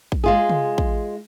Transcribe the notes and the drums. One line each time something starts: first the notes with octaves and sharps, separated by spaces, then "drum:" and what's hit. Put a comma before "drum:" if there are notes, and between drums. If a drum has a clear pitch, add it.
drum: kick
G#3 F4 G#4
drum: tom
drum: kick